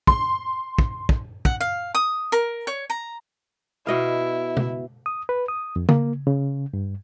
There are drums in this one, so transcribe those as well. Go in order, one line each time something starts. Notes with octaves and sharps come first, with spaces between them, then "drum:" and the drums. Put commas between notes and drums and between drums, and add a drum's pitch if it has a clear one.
C6, drum: kick
drum: kick
drum: kick
F#5, drum: kick
F5
D#6
A#4
C#5
A#5
B2 E4 D#5 F5
drum: tom B2
D#6
B4
D#6
F2
A#3, drum: tom C#3
C#3
G2